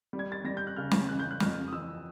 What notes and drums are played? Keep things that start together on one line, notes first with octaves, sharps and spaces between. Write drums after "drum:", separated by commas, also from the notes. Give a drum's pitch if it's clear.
G3
G#6
A6
G3 A#6
G6
F#6
C#3 F6
drum: snare
E3 F#6
G6
F#6
F2 F6, drum: snare
D#6
E3 E6